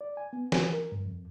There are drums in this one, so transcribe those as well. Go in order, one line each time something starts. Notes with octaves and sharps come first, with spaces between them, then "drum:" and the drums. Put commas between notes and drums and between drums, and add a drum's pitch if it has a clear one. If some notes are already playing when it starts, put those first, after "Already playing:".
D5
G#5
B3
G#5, drum: snare
A#4
G2
F2